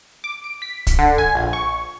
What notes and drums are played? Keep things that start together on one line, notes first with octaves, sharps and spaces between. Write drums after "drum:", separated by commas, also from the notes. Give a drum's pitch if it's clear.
D6
D7
B6
drum: kick, hi-hat
D3
G#5
A#1
C#6